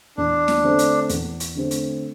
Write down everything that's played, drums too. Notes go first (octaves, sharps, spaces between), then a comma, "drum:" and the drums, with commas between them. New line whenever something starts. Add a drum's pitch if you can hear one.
E2 D4
drum: snare
D3 A3 C4
drum: hi-hat
E2, drum: hi-hat
drum: hi-hat
D3 A3 C4
drum: hi-hat